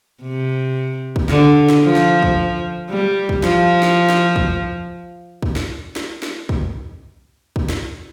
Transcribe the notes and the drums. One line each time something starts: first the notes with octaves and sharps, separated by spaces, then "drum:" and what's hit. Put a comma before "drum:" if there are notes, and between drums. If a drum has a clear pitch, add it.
C3
drum: kick
D3, drum: snare
drum: snare
F3
drum: snare
drum: kick
G3
drum: kick
F3, drum: snare
drum: snare
drum: snare
drum: kick
drum: kick
drum: snare
drum: snare
drum: snare
drum: kick
drum: kick
drum: snare